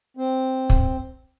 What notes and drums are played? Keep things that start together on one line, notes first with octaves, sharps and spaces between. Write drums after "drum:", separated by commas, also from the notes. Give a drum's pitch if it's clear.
C4
drum: kick